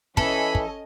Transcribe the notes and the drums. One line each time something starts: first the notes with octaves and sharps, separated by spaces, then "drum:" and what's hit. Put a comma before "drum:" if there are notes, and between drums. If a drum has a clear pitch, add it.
E3 C#4 A4 D#5 B5, drum: kick
drum: kick